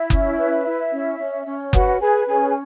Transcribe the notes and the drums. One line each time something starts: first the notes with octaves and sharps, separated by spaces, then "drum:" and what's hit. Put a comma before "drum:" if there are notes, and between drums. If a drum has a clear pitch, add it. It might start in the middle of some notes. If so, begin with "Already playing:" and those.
Already playing: E4 E5
C#4, drum: kick F#1
B4
E4
C#4
C#4
C#4
F#4 B4 F#5, drum: kick F#1
G#4 B4 G#5
C#4 G#4 G#5
G#5